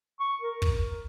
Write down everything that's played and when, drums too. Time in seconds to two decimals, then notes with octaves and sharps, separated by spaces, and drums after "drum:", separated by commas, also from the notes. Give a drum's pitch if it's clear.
0.20 C#6
0.41 A#4
0.62 drum: kick